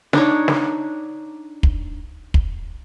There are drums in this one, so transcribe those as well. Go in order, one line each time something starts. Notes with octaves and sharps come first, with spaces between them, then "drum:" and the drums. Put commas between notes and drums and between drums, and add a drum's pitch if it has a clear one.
D4 D#4 C#5, drum: snare
drum: snare
drum: kick
drum: kick